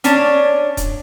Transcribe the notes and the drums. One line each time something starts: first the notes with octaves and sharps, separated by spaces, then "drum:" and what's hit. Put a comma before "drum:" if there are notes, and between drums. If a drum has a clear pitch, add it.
C#4 D4 C#5 A5, drum: hi-hat
drum: kick D#1, hi-hat